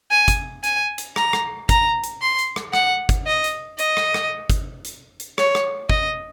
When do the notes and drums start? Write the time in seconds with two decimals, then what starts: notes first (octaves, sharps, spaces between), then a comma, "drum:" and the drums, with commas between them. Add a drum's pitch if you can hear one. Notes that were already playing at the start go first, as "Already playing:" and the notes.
0.11 G#5
0.28 drum: kick, hi-hat
0.64 G#5, drum: hi-hat
0.98 drum: hi-hat
1.16 A#5, drum: rim click
1.33 drum: rim click
1.69 A#5, drum: kick, hi-hat
2.04 drum: hi-hat
2.22 C6
2.39 drum: hi-hat
2.56 drum: rim click
2.73 F#5, drum: rim click
3.09 drum: kick, hi-hat
3.27 D#5
3.44 drum: hi-hat
3.79 D#5, drum: hi-hat
3.97 drum: rim click
4.14 drum: rim click
4.50 drum: kick, hi-hat
4.85 drum: hi-hat
5.20 drum: hi-hat
5.38 C#5, drum: rim click
5.55 drum: rim click
5.90 D#5, drum: kick